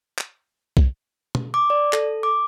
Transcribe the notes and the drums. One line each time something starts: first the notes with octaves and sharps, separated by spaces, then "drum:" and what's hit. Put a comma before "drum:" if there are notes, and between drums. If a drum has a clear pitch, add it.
drum: clap
drum: kick B1
drum: tom B2
D6
D5
A4, drum: clap
D6